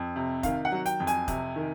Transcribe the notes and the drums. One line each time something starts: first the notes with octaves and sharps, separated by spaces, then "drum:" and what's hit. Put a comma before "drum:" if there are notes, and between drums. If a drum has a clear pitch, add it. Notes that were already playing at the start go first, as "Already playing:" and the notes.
Already playing: F2
C3
D#3 F5, drum: kick F1, hi-hat
F#5
F#3
G5, drum: hi-hat
F2
G#5, drum: hi-hat
C3, drum: kick F1, hi-hat
D#3